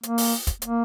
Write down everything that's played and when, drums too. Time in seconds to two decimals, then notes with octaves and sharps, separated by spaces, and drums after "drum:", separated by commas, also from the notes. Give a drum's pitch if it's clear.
0.03 A#3, drum: hi-hat
0.18 drum: open hi-hat
0.47 drum: kick, hi-hat
0.62 A#3, drum: hi-hat